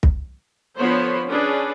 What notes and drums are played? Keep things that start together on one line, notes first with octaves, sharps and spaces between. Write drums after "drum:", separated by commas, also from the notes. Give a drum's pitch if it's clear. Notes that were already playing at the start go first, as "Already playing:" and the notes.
drum: kick
D3 F3 B3 C5 C#5 B5
C#4 D4 G#4 B4